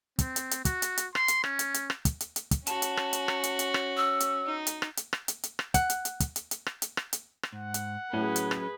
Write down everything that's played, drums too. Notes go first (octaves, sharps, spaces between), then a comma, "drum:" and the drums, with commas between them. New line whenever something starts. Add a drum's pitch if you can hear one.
C4, drum: kick, hi-hat
drum: hi-hat
drum: hi-hat
F#4, drum: kick, hi-hat
drum: hi-hat
drum: hi-hat
C6, drum: rim click
drum: hi-hat
C#4, drum: rim click
drum: hi-hat
drum: hi-hat
drum: rim click
drum: kick, hi-hat
drum: hi-hat
drum: hi-hat
drum: kick, hi-hat
C#4 F#4 A5, drum: hi-hat
drum: hi-hat
drum: rim click
drum: hi-hat
drum: rim click
drum: hi-hat
drum: hi-hat
drum: rim click
E6
drum: hi-hat
D#4
drum: hi-hat
drum: rim click
drum: hi-hat
drum: rim click
drum: hi-hat
drum: hi-hat
drum: rim click
F#5, drum: kick, hi-hat
drum: hi-hat
drum: hi-hat
drum: kick, hi-hat
drum: hi-hat
drum: hi-hat
drum: rim click
drum: hi-hat
drum: rim click
drum: hi-hat
drum: rim click
G#2 F#5
drum: hi-hat
A2 F#3 C#4 G#4 B4
drum: hi-hat
drum: rim click